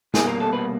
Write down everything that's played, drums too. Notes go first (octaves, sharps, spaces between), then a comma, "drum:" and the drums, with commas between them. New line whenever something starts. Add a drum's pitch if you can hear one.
C2 B2 G3 A#3 G#4, drum: snare
A#4
A4
B4